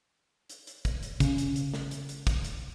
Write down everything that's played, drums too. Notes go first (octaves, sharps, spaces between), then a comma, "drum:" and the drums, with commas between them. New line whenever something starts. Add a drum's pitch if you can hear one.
drum: hi-hat
drum: hi-hat
drum: kick, hi-hat
drum: hi-hat
C#3, drum: kick, hi-hat
drum: hi-hat
drum: hi-hat
drum: snare
drum: hi-hat
drum: hi-hat
drum: kick, hi-hat
drum: hi-hat